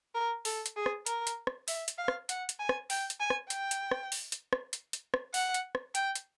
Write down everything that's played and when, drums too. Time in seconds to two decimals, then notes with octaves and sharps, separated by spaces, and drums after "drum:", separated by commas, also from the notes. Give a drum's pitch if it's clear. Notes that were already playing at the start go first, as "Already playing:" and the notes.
0.15 A#4
0.45 A4, drum: open hi-hat
0.66 drum: hi-hat
0.76 G#4
0.86 drum: rim click
1.06 A#4, drum: hi-hat
1.27 drum: hi-hat
1.47 drum: rim click
1.68 E5, drum: open hi-hat
1.88 drum: hi-hat
1.98 F5
2.08 drum: rim click
2.29 F#5, drum: hi-hat
2.49 drum: hi-hat
2.59 G#5
2.69 drum: rim click
2.90 G5, drum: open hi-hat
3.10 drum: hi-hat
3.20 G#5
3.30 drum: rim click
3.50 G5, drum: hi-hat
3.71 drum: hi-hat
3.91 drum: rim click
4.12 drum: open hi-hat
4.32 drum: hi-hat
4.53 drum: rim click
4.73 drum: hi-hat
4.93 drum: hi-hat
5.14 drum: rim click
5.34 F#5, drum: open hi-hat
5.54 drum: hi-hat
5.75 drum: rim click
5.95 G5, drum: hi-hat
6.15 drum: hi-hat